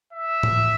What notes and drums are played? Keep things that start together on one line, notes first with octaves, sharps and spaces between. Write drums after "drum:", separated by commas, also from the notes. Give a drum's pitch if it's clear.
E5
drum: tom A2